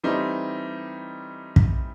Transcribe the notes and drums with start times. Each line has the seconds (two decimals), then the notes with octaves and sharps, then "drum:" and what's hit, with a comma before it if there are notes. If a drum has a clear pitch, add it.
0.04 E3 G3 A3 C4 D#4
1.56 drum: kick